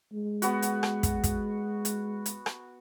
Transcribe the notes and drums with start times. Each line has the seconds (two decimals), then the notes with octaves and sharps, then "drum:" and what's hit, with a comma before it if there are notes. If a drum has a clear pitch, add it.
0.12 G#3
0.42 B3 F#4, drum: hi-hat
0.62 drum: hi-hat
0.83 drum: rim click
1.03 drum: kick, hi-hat
1.24 drum: kick, hi-hat
1.85 drum: hi-hat
2.26 drum: hi-hat
2.46 drum: rim click